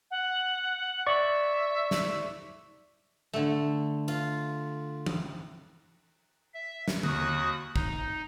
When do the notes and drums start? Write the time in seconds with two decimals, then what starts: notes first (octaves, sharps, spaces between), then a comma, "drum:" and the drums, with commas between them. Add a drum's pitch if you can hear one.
0.11 F#5
1.07 D5 E5 C#6
1.91 drum: snare
3.33 D3 A3
4.08 F4, drum: cymbal
5.06 drum: tom E3
6.54 E5
6.88 drum: snare
7.03 D#2 F#4 D#6 F#6, drum: tom D3
7.76 D#4, drum: kick